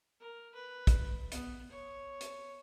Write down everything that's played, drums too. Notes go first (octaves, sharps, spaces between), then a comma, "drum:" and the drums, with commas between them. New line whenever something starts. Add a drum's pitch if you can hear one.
A#4
B4
drum: kick, hi-hat
B3, drum: hi-hat
C#5
drum: hi-hat